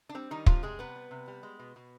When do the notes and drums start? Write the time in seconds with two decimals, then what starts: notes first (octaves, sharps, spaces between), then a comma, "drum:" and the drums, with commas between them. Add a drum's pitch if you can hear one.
0.09 D4
0.15 G3 C4
0.31 D#3 G3 D#4
0.46 C3 F3 F4, drum: kick
0.63 G3 G#3 G#4
0.79 C3 B3 B4
0.96 G3
1.11 C3
1.28 G3
1.43 G#3
1.60 B2
1.76 B2